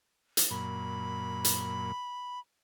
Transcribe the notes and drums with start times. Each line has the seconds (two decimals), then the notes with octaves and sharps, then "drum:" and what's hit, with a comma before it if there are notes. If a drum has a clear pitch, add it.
0.37 drum: hi-hat
0.50 F#2 A#2 B5
1.45 drum: hi-hat